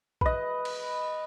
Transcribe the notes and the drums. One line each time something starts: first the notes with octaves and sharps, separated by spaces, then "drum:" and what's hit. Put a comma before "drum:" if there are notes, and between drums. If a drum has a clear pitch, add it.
B4 D#5, drum: kick A#1
drum: cymbal